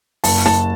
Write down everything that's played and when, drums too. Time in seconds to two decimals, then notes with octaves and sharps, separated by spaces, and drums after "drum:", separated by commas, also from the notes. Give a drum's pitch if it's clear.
0.24 F#1 A5, drum: open hi-hat
0.46 A5, drum: snare